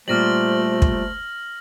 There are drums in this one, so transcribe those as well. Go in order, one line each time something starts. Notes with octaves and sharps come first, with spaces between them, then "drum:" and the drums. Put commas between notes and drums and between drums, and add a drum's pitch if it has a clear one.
A#2 G3 A3 C5 F6 A#6 F#7
drum: kick